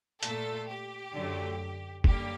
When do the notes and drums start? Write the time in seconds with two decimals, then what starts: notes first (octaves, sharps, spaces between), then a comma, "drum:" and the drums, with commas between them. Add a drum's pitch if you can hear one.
0.23 A#2 A3 A4, drum: hi-hat
0.69 G4
1.14 F#2 D3 F#3 A3
2.04 F#2 D3 G3 A#3 G4, drum: kick